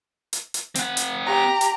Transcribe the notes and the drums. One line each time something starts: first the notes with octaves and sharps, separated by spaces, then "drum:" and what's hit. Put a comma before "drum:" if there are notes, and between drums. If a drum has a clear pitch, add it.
drum: hi-hat
drum: hi-hat
C4 F#5, drum: hi-hat
drum: hi-hat
G4 A#5
drum: hi-hat